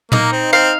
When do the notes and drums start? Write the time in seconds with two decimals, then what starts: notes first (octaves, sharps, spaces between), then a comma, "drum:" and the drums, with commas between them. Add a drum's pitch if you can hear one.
0.12 A#3 D#4, drum: tom A#2
0.32 C4
0.52 C4 F5